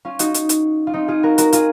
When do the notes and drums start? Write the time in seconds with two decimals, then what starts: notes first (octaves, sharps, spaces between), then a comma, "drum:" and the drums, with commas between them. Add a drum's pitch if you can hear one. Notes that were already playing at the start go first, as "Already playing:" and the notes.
0.05 C#4 F4
0.19 D#4 F#4, drum: hi-hat
0.34 drum: hi-hat
0.49 drum: hi-hat
0.87 F4
0.94 C4 D#4
1.08 F4 G#4
1.23 F#4 A#4
1.38 F#4 A#4, drum: hi-hat
1.53 F4 G#4, drum: hi-hat